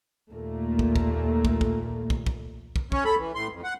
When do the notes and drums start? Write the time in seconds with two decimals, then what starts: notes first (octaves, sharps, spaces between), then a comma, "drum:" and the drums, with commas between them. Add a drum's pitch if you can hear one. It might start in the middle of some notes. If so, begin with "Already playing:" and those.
0.33 D#2 A#2 A3 A#3
0.79 drum: kick
0.96 drum: kick
1.45 drum: kick
1.61 drum: kick
2.10 drum: kick
2.27 drum: kick
2.76 drum: kick
2.92 C#4 C#5, drum: kick
3.05 A4 B5
3.18 E3
3.35 A2 C6
3.51 F2
3.64 F#5